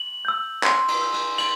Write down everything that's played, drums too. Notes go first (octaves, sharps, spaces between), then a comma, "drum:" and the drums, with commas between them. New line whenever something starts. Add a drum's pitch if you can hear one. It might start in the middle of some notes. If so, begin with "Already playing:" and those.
Already playing: F#7
E6 G6
C6, drum: clap
drum: cymbal
E6 G6
drum: cymbal
C6 F#7, drum: cymbal